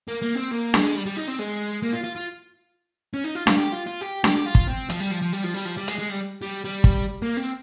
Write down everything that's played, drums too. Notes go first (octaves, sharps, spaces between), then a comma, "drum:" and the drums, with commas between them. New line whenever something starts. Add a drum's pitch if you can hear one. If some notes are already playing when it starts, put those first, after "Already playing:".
A#3
A#3
C4
A#3
G#3, drum: snare D4
G3
G3
D#4
C4
G#3
A#3
F4
F4
F4
C#4
D#4
F4
F4, drum: snare D4
G4
F4
F4
G4
G4, drum: snare D4
G4
F4
drum: kick
C4
F3, drum: hi-hat
G3
F3
F3
G3
F3
G3
F3
G3
G#3, drum: hi-hat
G#3
G3
G3
G3
drum: kick
A#3
C4